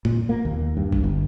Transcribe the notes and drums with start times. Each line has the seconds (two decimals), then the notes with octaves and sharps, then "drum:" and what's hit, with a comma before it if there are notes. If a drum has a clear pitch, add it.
0.05 A#2, drum: tom E2
0.29 A#3
0.45 D#2
0.77 G2
0.93 drum: kick A1
1.04 G1